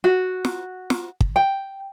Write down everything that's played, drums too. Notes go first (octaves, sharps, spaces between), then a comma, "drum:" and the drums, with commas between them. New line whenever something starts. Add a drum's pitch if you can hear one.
F#4
drum: snare
drum: snare
drum: kick
G5